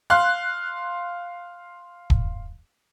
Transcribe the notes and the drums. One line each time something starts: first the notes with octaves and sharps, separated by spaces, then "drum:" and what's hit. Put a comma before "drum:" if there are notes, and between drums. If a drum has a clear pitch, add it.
F5 C6 F#6
drum: kick